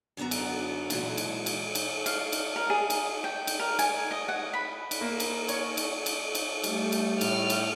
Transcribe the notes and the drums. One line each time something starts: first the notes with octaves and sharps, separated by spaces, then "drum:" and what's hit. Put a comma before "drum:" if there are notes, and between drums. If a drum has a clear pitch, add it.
F#2 D3 B3 F#4 A#5
drum: cymbal
A#2 E3 F#3 G#3 F4, drum: cymbal
drum: cymbal
drum: cymbal
drum: cymbal
F5, drum: cymbal
drum: cymbal
A#4
G#4
drum: cymbal
G5
drum: cymbal
A#4
G#5, drum: cymbal
D#5
F#5
B5
drum: cymbal
A#3
drum: cymbal
C#5, drum: cymbal
drum: cymbal
drum: cymbal
drum: cymbal
G3 A3, drum: cymbal
drum: cymbal
A2 F6, drum: cymbal
drum: cymbal